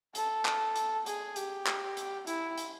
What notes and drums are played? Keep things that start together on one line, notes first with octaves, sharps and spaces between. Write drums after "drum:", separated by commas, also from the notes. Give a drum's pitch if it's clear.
A4, drum: hi-hat
drum: clap
drum: hi-hat
G#4, drum: hi-hat
G4, drum: hi-hat
drum: clap
drum: hi-hat
E4, drum: hi-hat
drum: hi-hat